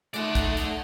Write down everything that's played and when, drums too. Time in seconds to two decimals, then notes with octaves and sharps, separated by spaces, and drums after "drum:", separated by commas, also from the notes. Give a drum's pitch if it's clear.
0.14 A3 D#4 D5 F#5, drum: hi-hat
0.35 drum: kick, hi-hat
0.57 drum: hi-hat